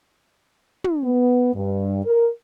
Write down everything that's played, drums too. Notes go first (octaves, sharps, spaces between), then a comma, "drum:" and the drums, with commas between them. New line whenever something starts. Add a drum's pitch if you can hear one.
drum: tom
B3
G2
A#4